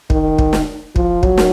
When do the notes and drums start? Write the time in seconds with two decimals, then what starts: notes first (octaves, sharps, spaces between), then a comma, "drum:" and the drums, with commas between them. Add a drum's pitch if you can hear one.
0.10 D#3, drum: kick
0.39 drum: kick
0.53 drum: snare
0.96 F3, drum: kick
1.23 F#3, drum: kick
1.38 drum: snare